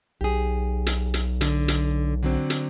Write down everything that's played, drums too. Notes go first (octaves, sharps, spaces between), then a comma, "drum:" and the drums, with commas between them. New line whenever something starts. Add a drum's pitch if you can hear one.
B1 G4 G#4
drum: hi-hat
drum: hi-hat
D3, drum: hi-hat
drum: hi-hat
D3 F#3 C4
drum: hi-hat